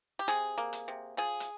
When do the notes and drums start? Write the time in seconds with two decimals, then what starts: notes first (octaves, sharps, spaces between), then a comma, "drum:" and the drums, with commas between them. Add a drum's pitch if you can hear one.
0.19 G4
0.28 C3 G#4, drum: hi-hat
0.58 A#3
0.73 drum: hi-hat
0.88 C3
1.17 F3 G#4
1.40 drum: hi-hat